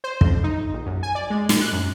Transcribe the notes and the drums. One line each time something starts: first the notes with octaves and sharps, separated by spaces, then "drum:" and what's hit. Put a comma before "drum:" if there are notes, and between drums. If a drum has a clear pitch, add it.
C5
F2, drum: kick
D#4
A#1
F#2
G#5
D5
G#3
A#2, drum: snare
F#6
F#2